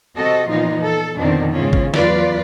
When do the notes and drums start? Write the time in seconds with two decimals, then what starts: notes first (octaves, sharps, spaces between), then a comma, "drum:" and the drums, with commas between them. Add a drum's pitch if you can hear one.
0.16 C3 C4 F#4 A4 D#5
0.49 A#2 E3 F3 B3 D#4 F4
0.82 A4
1.17 F2 B2 D3 D#3 C4 D4
1.53 G#2 C#3 E3 C4 C#4 F4
1.73 drum: kick
1.94 E2 F#3 F4 B4 D5, drum: snare